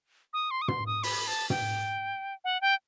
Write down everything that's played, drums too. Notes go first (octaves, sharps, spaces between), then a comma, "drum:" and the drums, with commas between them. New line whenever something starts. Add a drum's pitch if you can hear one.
D#6
C6
D#6
C6, drum: tom
D#6
B5, drum: open hi-hat
A5
G5, drum: tom
F#5
G5